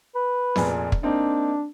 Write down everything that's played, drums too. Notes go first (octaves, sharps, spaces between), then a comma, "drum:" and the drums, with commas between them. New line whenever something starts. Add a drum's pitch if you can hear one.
B4
F1 A#2 G#4, drum: snare B3
drum: kick
A#3 C4 D4 D#4